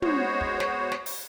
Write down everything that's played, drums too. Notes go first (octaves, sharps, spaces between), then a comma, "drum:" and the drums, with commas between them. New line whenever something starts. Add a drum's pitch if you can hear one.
G#3 B3 F#4 C5 C#5, drum: tom
drum: kick
drum: snare
drum: snare
drum: open hi-hat